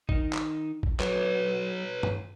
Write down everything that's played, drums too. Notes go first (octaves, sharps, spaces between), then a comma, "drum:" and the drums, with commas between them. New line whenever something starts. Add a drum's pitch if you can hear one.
D#3 D#4, drum: kick
drum: clap
drum: kick
F#3 B4 C#5, drum: clap
drum: tom G2